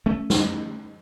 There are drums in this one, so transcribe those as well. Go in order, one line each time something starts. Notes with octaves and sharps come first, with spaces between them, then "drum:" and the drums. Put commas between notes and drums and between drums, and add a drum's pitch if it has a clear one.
A3 C#4
drum: snare